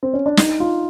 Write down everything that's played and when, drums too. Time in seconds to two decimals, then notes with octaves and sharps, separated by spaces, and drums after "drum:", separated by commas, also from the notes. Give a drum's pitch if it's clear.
0.03 C4
0.13 C#4
0.26 D4
0.37 D#4, drum: snare
0.60 F4